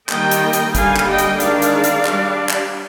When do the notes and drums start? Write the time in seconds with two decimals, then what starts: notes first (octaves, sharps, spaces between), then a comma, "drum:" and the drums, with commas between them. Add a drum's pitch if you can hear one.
0.09 D#3 G3 A#3 D#5 G5, drum: clap
0.31 drum: hi-hat
0.53 drum: hi-hat
0.75 D3 G3 A#3 F5 G#5, drum: kick, hi-hat
0.97 drum: clap
1.08 D#5 G5
1.18 drum: hi-hat
1.40 D#3 G#3 D4 D5 F5, drum: hi-hat
1.62 drum: hi-hat
1.84 drum: hi-hat
2.05 G3 D4, drum: clap
2.49 drum: clap